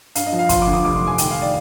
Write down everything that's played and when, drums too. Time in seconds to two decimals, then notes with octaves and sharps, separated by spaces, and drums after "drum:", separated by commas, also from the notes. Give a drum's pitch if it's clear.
0.15 G2 F5, drum: hi-hat
0.27 D#5
0.33 F3
0.39 F5
0.49 F3 C6, drum: kick, hi-hat
0.62 D6
0.66 D2
0.73 D#6
0.84 F1 D6
0.96 C6
1.01 F1
1.07 G#5
1.18 D#3 G5, drum: hi-hat
1.31 F5
1.42 D5